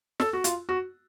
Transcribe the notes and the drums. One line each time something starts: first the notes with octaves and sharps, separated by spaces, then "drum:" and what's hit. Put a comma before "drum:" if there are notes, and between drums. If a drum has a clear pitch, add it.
A4, drum: snare
F#4
F4, drum: hi-hat
F#4